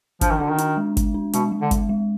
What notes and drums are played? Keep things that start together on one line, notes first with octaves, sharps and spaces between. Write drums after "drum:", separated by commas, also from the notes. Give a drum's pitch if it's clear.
F3 D4, drum: kick G1, hi-hat
D#3
D3 D4
D#3
D4, drum: hi-hat
G#3
G#3, drum: kick G1, hi-hat
D4
B2 G#3, drum: hi-hat
G#3
D3
G#3, drum: kick G1, hi-hat
G#3